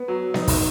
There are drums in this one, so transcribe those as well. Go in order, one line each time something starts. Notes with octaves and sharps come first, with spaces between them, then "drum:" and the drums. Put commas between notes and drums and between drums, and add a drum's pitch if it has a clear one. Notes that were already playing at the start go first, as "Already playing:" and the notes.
Already playing: B3
F#3
D#4, drum: snare B3
drum: kick, open hi-hat